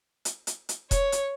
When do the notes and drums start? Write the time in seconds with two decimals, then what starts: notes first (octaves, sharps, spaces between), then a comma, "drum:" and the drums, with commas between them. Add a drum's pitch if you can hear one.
0.25 drum: hi-hat
0.47 drum: hi-hat
0.69 drum: hi-hat
0.91 C#5, drum: kick E1, hi-hat
1.12 drum: hi-hat